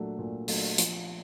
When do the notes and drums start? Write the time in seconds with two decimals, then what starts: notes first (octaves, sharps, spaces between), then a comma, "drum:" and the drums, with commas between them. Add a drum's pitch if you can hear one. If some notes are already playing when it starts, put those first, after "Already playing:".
Already playing: A#2 F#3 A3 D4
0.19 A#2
0.48 F#3 A3 D4, drum: open hi-hat
0.78 F3, drum: hi-hat